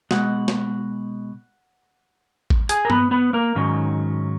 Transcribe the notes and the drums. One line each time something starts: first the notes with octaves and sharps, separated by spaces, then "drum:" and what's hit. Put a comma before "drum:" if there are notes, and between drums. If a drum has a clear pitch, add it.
B2 G#3 F#5, drum: snare
drum: snare
drum: kick A1
G#4 G#5, drum: hi-hat
A#4
B3 B4, drum: tom G2
B3 B4
A#3 A#4
G#2 D#3 F#3 C#4